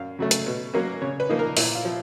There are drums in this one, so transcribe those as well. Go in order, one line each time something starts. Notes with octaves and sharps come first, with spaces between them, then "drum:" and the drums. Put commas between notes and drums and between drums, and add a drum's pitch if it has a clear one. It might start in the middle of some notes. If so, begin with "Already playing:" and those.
Already playing: F#2 F5
C#3 F#3 A3
drum: hi-hat
B2
F#3 A#3 C#4
C#3 C#5
B4
F3 A#3 D#4
A#4
A#2 E4, drum: open hi-hat
F4
F3